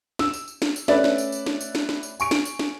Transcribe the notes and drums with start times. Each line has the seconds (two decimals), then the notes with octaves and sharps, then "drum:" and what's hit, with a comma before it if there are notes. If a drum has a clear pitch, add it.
0.19 E6, drum: snare
0.33 drum: tambourine
0.48 drum: tambourine
0.62 drum: snare
0.76 drum: tambourine
0.88 A3 C#4 B4 D5 E5, drum: snare
1.04 drum: snare
1.18 drum: tambourine
1.32 drum: tambourine
1.46 drum: snare
1.61 drum: tambourine
1.75 drum: snare
1.89 drum: snare
2.03 drum: tambourine
2.20 G#5 C#6 D7, drum: tambourine
2.31 drum: snare
2.45 drum: tambourine
2.59 drum: snare